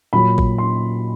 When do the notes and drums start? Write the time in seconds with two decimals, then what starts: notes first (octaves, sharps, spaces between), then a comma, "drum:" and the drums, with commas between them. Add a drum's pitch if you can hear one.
0.13 A#2 F#3 B5
0.38 drum: kick A1
0.58 C6